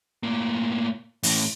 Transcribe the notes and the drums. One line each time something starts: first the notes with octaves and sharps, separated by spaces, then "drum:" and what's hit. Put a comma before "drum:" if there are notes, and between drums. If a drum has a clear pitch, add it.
A2 A#3
A2 E3, drum: open hi-hat